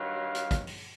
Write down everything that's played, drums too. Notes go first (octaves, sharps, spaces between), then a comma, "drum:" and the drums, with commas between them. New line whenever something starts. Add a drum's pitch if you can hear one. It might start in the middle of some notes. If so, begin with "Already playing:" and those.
Already playing: G2 D#3 F#3 F5
drum: hi-hat
drum: kick, hi-hat
drum: open hi-hat